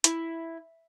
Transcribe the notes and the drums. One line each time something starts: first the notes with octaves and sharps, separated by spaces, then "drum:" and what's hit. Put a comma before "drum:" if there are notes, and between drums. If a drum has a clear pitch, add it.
E4, drum: hi-hat